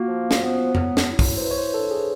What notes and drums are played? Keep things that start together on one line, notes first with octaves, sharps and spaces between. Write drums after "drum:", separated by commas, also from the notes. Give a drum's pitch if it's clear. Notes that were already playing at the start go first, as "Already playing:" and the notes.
Already playing: A#3 F4 F#4
F3
drum: snare
B3
F#3, drum: tom F2
drum: snare
E4
drum: kick, open hi-hat
C5
E3 B4
C#5
C5
D4 A4
G#4